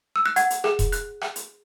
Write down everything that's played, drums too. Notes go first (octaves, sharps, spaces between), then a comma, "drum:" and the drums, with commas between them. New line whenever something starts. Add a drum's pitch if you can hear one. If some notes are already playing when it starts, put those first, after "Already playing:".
E6
F#6
F#5 G#6, drum: hi-hat
drum: hi-hat
G#4, drum: rim click
drum: kick E1, hi-hat
F#6, drum: hi-hat
drum: rim click
drum: hi-hat